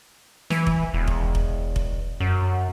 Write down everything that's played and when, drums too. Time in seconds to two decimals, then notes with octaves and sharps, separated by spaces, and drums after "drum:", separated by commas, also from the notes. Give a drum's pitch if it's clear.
0.50 E3, drum: snare
0.67 drum: kick F1
0.94 E1
1.07 drum: kick F1
1.35 drum: kick F1
1.76 drum: kick F1
2.20 F#2